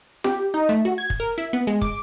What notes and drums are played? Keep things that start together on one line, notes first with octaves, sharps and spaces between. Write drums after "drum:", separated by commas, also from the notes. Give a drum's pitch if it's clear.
G4, drum: snare F4
D#4
A3
F#4
G#6
drum: kick
A#4
E4
B3
G#3
D6, drum: kick